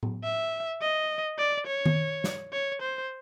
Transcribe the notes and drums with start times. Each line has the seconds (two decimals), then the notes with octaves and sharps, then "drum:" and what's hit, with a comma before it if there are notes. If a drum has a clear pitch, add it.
0.03 drum: tom
0.24 E5
0.81 D#5
1.38 D5
1.67 C#5
1.86 drum: tom D#3
2.24 drum: snare
2.53 C#5
2.82 C5